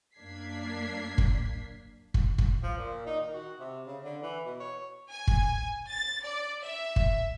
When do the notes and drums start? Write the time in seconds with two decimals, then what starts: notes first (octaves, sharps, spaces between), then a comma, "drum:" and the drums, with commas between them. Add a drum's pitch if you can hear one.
0.16 F#2 A#3 D4 G#6 B6 C7
1.18 drum: kick
2.14 drum: kick
2.38 drum: kick
2.63 F3
2.78 A#2
3.06 D#4
3.20 D#3
3.34 F#4
3.59 C3
3.86 C#3
4.04 D3
4.22 E3
4.45 B2
4.60 C#5
5.11 G#5
5.27 drum: kick
5.89 A6
6.24 D5
6.62 E5
6.96 drum: kick